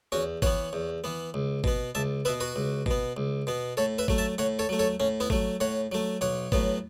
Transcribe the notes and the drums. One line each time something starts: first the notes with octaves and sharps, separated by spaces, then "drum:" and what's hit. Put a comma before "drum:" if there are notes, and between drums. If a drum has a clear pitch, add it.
E2 C#4 F#4
E3 B3 C#5 F#5, drum: kick G#1
E2
E3 B3
C#2
B2 B3, drum: kick G#1
C#2 E5 A5
B2 B3 B4 E5
F#4 B4
C#2
B2 B3, drum: kick G#1
C#2
B2 B3
A2 A4 C#5
B4 E5
F#3 A3, drum: kick G#1
E5 A5
A2 C#5 F#5
A4 C#5
F#3 A3
A4 C#5
A2 C#4
B3 E4
F#3 A3, drum: kick G#1
A2 C#5 F#5
F#3 A3
B1 C#5 F#5
A2 F#3 B3, drum: kick G#1